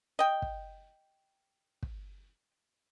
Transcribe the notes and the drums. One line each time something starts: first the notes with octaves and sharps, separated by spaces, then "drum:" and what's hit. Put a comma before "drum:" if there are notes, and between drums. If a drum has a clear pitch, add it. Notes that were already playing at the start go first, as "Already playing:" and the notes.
D#5 G5
drum: kick
drum: kick